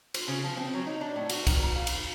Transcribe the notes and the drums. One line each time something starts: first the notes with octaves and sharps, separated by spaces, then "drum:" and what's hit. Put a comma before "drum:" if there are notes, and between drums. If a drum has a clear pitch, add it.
C5, drum: cymbal
C#3
F3
C4
F#3
D#4
D4
A2
F#4, drum: cymbal
D#3, drum: kick C2, cymbal
A#5
F5
drum: cymbal